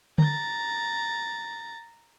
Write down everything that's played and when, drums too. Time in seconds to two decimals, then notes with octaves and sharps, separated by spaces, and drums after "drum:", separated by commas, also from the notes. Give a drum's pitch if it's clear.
0.18 A#5 A6, drum: tom D3